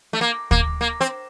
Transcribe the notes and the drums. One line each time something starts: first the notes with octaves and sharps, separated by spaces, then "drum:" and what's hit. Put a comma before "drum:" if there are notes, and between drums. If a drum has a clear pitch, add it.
A3
A#3
A#3, drum: kick
A#3
C4